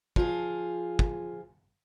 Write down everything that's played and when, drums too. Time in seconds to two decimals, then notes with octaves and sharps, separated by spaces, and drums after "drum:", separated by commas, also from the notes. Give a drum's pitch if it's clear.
0.16 F3 F4 G#4, drum: kick
0.99 drum: kick